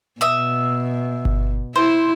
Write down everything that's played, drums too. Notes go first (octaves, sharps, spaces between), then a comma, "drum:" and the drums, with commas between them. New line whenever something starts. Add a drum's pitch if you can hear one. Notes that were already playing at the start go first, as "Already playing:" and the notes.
B2 E5 D#6
drum: kick G1
E4 C5